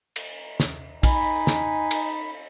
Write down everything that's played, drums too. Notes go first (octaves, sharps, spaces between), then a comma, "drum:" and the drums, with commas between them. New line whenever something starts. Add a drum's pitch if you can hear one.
drum: cymbal
drum: snare
D#4 G#5 B5, drum: kick A#1, cymbal
drum: snare
drum: cymbal